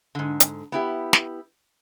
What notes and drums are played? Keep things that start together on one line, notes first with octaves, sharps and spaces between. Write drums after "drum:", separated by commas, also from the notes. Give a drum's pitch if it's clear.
G#2 D3
drum: hi-hat
B3 E4 G4
drum: snare